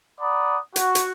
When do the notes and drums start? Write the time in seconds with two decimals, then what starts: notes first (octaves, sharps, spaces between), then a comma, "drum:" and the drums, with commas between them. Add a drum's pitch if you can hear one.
0.20 D5 F#5 A#5 B5 D#6
0.76 F#4, drum: hi-hat
0.95 drum: hi-hat